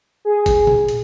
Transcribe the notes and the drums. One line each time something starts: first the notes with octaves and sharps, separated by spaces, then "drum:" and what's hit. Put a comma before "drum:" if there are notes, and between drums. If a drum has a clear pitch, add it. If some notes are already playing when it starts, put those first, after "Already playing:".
G#4
drum: kick G1, hi-hat
drum: tom A#2
drum: hi-hat